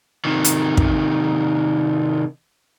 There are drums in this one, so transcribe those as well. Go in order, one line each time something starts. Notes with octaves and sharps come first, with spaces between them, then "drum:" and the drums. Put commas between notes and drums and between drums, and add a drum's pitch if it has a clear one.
C3 D#3
drum: hi-hat
drum: kick